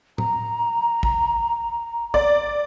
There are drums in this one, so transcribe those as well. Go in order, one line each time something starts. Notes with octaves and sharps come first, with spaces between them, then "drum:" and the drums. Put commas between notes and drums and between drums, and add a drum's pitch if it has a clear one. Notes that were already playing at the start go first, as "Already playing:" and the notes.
A#5, drum: tom A2
drum: kick
D5, drum: kick